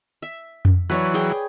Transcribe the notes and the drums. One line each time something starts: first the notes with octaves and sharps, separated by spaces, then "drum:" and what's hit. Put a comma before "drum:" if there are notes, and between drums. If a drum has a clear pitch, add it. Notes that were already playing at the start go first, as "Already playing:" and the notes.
E5
drum: tom F2
E3 F#3 B4 C#5 D5
G#4 G5